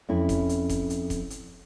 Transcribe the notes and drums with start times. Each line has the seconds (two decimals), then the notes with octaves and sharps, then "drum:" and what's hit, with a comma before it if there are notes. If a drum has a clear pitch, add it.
0.09 F2 C#4 E4
0.29 drum: kick F1, hi-hat
0.49 drum: hi-hat
0.70 drum: kick F1, hi-hat
0.90 drum: hi-hat
1.10 drum: kick F1, hi-hat
1.30 drum: hi-hat